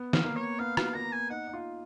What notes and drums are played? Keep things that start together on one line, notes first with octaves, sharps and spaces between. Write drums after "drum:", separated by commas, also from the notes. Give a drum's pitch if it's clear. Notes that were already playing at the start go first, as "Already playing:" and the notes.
Already playing: B3
F5, drum: snare
A#3
C#5
B3 F5
F5, drum: rim click
A#3 A#5
G#5
D#4 F#5
D#4
F4